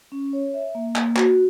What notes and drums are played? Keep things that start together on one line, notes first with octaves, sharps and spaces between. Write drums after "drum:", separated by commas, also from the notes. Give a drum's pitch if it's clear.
C#4
C#5
E5
A#3
A#3, drum: clap
F#4, drum: clap